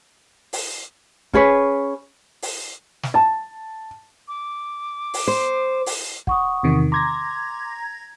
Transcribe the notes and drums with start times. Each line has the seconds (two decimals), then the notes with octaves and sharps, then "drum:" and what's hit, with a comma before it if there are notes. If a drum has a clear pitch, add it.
0.53 drum: open hi-hat
1.33 C#4 G#4 B4 C#5, drum: kick
2.42 drum: open hi-hat
3.03 drum: snare
3.14 A5
4.28 D6
5.14 drum: open hi-hat
5.27 C5
5.86 drum: open hi-hat
6.27 F#5 C#6 D#6, drum: kick
6.63 E2 C3 D#3
6.92 A#5 C6 D6 G#6 A#6